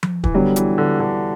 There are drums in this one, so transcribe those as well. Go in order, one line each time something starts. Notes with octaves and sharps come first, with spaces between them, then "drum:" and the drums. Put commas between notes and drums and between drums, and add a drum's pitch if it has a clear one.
drum: tom F3
E3, drum: kick
D3 F#3 G3 B3
E3, drum: hi-hat
D3
D3